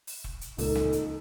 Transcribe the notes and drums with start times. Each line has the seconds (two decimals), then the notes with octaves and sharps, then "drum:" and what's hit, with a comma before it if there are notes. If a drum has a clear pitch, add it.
0.07 drum: open hi-hat
0.24 drum: kick E1
0.41 drum: hi-hat
0.58 C#2 A#2 D#4 A4, drum: open hi-hat
0.75 drum: snare
0.93 drum: hi-hat